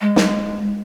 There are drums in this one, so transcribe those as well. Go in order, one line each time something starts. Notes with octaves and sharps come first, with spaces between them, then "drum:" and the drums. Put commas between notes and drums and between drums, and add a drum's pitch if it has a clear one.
G#3
drum: snare